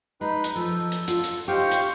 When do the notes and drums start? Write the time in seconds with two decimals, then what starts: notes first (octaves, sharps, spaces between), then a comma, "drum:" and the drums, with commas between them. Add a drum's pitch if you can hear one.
0.21 G#3 D#4 B4
0.44 drum: hi-hat
0.55 F3 A4
0.92 drum: hi-hat
1.08 F4, drum: hi-hat
1.24 drum: hi-hat
1.48 D#4 G4 C5 F5 C#6
1.71 drum: hi-hat